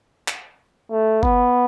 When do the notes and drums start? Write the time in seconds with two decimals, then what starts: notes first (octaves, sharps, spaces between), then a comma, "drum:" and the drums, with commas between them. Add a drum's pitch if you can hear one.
0.28 drum: clap
0.91 A3
1.23 B3, drum: kick G1